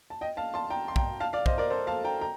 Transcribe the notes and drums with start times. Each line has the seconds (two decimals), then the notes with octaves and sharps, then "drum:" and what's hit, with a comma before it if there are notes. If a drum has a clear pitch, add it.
0.10 A5
0.21 D#5 G5
0.37 F5 A5
0.54 A5 C6
0.70 G5 A#5
0.88 C6
0.96 G5 A#5, drum: kick
1.20 F5 A5
1.33 D5 F5
1.46 C5 D#5, drum: kick
1.58 A#4 D5
1.70 A4 C5
1.87 F5 A5
2.05 G5 A#5
2.21 G5 A#5